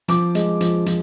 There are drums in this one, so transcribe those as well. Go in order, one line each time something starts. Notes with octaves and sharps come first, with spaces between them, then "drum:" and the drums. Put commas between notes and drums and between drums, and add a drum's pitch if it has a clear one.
F3 D6, drum: hi-hat
G#3, drum: hi-hat
F3, drum: hi-hat
F3, drum: hi-hat